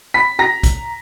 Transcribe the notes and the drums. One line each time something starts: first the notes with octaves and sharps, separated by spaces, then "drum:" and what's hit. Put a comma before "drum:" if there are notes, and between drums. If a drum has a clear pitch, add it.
B5 B6
A#5 A#6
drum: kick, hi-hat